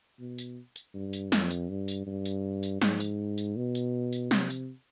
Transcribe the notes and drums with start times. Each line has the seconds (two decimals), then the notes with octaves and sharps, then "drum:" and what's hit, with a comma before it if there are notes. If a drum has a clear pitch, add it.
0.20 B2
0.38 drum: tambourine
0.76 drum: tambourine
0.94 G2
1.13 drum: tambourine
1.32 F2, drum: snare
1.51 drum: tambourine
1.70 G2
1.88 drum: tambourine
2.07 G2
2.25 drum: tambourine
2.63 drum: tambourine
2.82 G#2, drum: snare
3.00 drum: tambourine
3.38 drum: tambourine
3.56 B2
3.75 drum: tambourine
4.12 drum: tambourine
4.31 C3, drum: snare
4.50 drum: tambourine